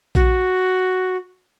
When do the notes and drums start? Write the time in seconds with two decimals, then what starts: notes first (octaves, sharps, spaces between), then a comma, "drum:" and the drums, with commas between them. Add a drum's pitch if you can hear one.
0.15 F#4, drum: kick A#1